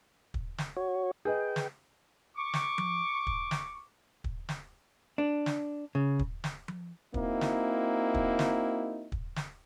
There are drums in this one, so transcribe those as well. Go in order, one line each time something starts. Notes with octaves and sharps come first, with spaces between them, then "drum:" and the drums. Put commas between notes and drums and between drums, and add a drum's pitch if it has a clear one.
drum: kick
drum: snare
F#4 C#5
G#4 B4 D#5 G5
drum: snare
C#6 D6
drum: snare
drum: tom F3
drum: kick
drum: snare
drum: kick
drum: snare
D4
drum: snare
C#3
drum: kick
drum: snare
drum: tom F3
A#3 C4 D#4 E4 F#4, drum: kick
drum: snare
drum: kick
drum: snare
drum: kick
drum: snare